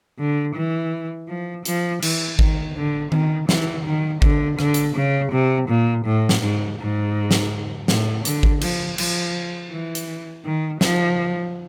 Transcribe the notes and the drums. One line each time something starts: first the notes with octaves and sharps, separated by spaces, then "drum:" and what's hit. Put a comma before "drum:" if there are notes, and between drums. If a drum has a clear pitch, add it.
D3
E3
F3
F3, drum: hi-hat
E3, drum: cymbal
D#3, drum: kick G#1
D3
D#3, drum: tom D#3
E3, drum: snare
D#3
D3, drum: kick G#1
D3, drum: rim click
drum: hi-hat
C#3
C3
A#2
A2
drum: snare
G#2
G#2
drum: snare
A2, drum: snare
D3, drum: hi-hat
drum: kick G#1
F3, drum: cymbal
F3, drum: cymbal
E3
drum: hi-hat
D#3
F3, drum: snare